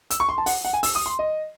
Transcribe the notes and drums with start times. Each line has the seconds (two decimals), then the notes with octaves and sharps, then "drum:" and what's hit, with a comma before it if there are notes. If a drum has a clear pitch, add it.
0.10 E6, drum: hi-hat
0.20 C#6
0.29 C6
0.38 A5
0.46 F#5, drum: open hi-hat
0.65 F#5
0.73 G#5
0.83 E6, drum: open hi-hat
0.95 D#6
1.06 C6
1.19 D#5